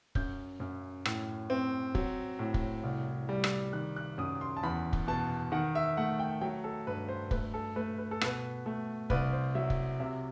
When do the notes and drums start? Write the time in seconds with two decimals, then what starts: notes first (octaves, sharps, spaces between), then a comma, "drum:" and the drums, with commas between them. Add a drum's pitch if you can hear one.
0.15 F#2 G6, drum: kick
0.60 F#2
1.05 A2, drum: rim click
1.50 C4
1.95 F#3, drum: kick
2.39 A2
2.54 drum: kick
2.83 C2
3.29 G3
3.44 drum: rim click
3.73 D#3 F#6
3.96 F#6
4.18 F#2 D#6
4.41 C6
4.57 A5
4.63 E2 B5
4.93 drum: kick
5.08 B2 A5
5.52 D#3 F#5
5.75 E5
5.97 A3 F#5
6.19 G5
6.41 F#3 G5
6.64 A4
6.87 G2 B4
7.09 C5
7.31 A3 B4, drum: kick
7.54 A4
7.76 A3 B4
7.98 B4
8.11 A4
8.21 B2 B4, drum: rim click
8.66 A3
9.10 C2 B4, drum: kick
9.33 C5
9.55 F#3 E5
9.70 drum: kick
10.00 C3 E5